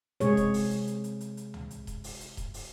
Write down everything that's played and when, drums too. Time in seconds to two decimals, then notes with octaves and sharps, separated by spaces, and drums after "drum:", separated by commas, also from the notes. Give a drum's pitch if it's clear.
0.20 C3 G#3 G#4 C#5, drum: hi-hat
0.37 drum: kick D#1, hi-hat
0.54 drum: open hi-hat
0.70 drum: hi-hat
0.87 drum: hi-hat
1.04 drum: hi-hat
1.21 drum: hi-hat
1.37 drum: hi-hat
1.54 drum: tom
1.71 drum: hi-hat
1.87 drum: kick D#1, hi-hat
2.04 drum: open hi-hat
2.21 drum: hi-hat
2.37 drum: kick D#1, hi-hat
2.54 drum: open hi-hat